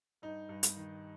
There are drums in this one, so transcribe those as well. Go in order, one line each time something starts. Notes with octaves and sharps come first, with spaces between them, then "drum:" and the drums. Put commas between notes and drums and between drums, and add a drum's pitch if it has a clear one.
G2 D#4
G2
drum: hi-hat
D#3